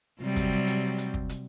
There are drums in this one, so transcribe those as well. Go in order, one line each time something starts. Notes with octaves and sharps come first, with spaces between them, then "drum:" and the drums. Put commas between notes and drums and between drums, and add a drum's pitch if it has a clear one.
C3 F#3 G3
drum: kick, hi-hat
drum: hi-hat
drum: hi-hat
drum: kick
drum: hi-hat